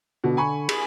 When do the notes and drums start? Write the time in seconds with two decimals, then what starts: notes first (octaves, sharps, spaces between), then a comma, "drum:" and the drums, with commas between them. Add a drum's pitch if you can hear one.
0.24 B2 D3
0.37 G#5 B5 C#6
0.69 G#4, drum: cymbal